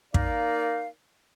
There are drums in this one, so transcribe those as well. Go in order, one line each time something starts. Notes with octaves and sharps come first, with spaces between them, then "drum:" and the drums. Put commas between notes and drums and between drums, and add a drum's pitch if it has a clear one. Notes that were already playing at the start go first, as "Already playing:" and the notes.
A#3 D#4 A#4 D5 F5, drum: kick